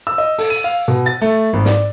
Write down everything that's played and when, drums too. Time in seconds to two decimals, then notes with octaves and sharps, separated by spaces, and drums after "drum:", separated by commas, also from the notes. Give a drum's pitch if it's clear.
0.07 E6
0.18 D#5
0.38 A4, drum: open hi-hat
0.50 D#7
0.64 F5
0.88 B2
1.06 A6
1.22 A3
1.53 G#1
1.65 D5, drum: snare